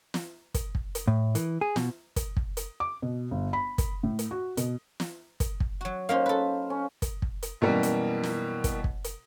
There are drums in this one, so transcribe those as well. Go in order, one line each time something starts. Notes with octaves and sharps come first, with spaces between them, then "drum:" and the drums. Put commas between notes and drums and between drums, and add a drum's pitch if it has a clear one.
drum: snare
drum: kick, hi-hat
drum: kick
drum: hi-hat
A2
E3, drum: hi-hat
G#4
B2, drum: snare
drum: kick, hi-hat
drum: kick
drum: hi-hat
D6
B2
G1
B5
drum: kick, hi-hat
A2
drum: hi-hat
F#4
B2, drum: hi-hat
drum: snare
drum: kick, hi-hat
drum: kick
F#3 F#4
A#3 C#4 D#4 C5 F5
A4 B4
C#4
drum: kick, hi-hat
drum: kick
drum: hi-hat
F#2 B2 E3 G3 A#3
drum: hi-hat
drum: snare
drum: kick, hi-hat
drum: kick
drum: hi-hat